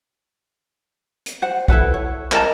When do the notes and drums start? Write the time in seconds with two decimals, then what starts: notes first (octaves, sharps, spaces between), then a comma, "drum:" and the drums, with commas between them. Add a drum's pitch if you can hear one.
1.26 drum: hi-hat
1.42 C5 F#5
1.68 E4 A4 B4 F#5, drum: kick B1
1.94 C#5
2.32 A#4 D#5 A5 A#5, drum: clap